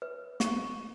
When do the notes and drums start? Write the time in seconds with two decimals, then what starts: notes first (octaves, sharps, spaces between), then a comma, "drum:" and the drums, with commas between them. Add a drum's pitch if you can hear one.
0.02 B4
0.40 C#6, drum: snare